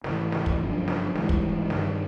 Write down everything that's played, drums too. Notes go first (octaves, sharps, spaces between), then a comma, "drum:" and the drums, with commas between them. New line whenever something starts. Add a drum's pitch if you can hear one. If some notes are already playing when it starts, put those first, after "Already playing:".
G#1 G2 E3 A3, drum: snare
drum: snare
drum: kick
G1 F#2 D3 F3
drum: snare
G#1 G#2 E3 G3, drum: snare
drum: kick
G2 D#3 G3, drum: snare